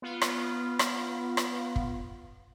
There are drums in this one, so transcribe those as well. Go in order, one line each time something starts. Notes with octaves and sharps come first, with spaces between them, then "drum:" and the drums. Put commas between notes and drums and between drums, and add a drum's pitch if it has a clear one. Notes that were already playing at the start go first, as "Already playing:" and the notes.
B3 F4
drum: rim click
drum: rim click
drum: rim click
drum: kick